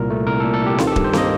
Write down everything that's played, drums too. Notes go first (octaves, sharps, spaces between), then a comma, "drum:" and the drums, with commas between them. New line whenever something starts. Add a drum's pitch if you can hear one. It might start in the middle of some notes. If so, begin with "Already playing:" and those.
Already playing: C2 A#2 A#4
A3
C2 A#4
A4
A#2
A4
C2
G4
D#3 F4, drum: snare C4
A4
G4
G2, drum: kick D#1
C5
A#3 D#5, drum: snare C4